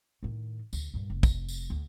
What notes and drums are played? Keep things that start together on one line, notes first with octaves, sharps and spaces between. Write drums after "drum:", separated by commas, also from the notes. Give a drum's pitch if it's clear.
A2 D#3
D2, drum: tambourine
G2 A#2
F1
drum: kick, tambourine
drum: tambourine
D2